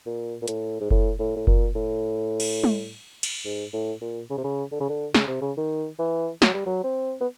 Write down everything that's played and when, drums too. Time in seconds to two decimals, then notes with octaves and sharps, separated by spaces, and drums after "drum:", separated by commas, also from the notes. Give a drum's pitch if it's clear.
0.06 A#2
0.42 A#2
0.48 A2, drum: hi-hat
0.80 G#2
0.91 A2, drum: kick F#1
1.19 A2
1.36 A2
1.47 A#2, drum: kick F#1
1.75 A2
2.40 drum: cymbal
2.64 drum: tom
3.23 drum: cymbal
3.45 G#2
3.73 A2
4.01 A#2
4.30 C#3
4.37 C3
4.44 C#3
4.72 D3
4.80 C#3
4.89 D3
5.14 C#3, drum: snare
5.28 C3
5.41 C#3
5.57 D#3
5.99 E3
6.42 F#3, drum: snare
6.54 G3
6.66 F#3
6.84 C4
7.21 B3